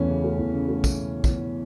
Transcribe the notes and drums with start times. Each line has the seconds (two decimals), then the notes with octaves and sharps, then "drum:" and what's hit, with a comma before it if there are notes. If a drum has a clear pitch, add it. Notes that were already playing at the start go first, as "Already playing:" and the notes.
Already playing: E2 E3 A3 C#4
0.09 C#3
0.24 A3
0.38 E2
0.54 C#3
0.69 A3
0.84 drum: kick, tambourine
1.24 drum: kick, tambourine